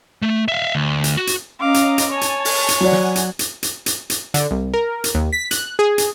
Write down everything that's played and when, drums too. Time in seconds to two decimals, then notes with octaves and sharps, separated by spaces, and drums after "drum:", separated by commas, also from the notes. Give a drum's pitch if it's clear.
0.22 A3
0.48 E5 F5
0.75 D2
1.04 drum: hi-hat
1.17 F#4
1.27 drum: hi-hat
1.59 C#4 D#5 F5 A#5 D6
1.74 drum: hi-hat
1.98 drum: hi-hat
2.09 C#5 G#5 A5
2.21 drum: hi-hat
2.45 drum: open hi-hat
2.68 drum: hi-hat
2.81 F#3 D5 F#5 G#5
2.92 drum: snare
3.16 drum: hi-hat
3.39 drum: hi-hat
3.63 drum: hi-hat
3.86 drum: hi-hat
4.10 drum: hi-hat
4.34 D3, drum: hi-hat
4.51 C2
4.74 A#4
5.04 drum: hi-hat
5.15 D#2
5.33 B6
5.51 F#6, drum: hi-hat
5.79 G#4
5.98 drum: hi-hat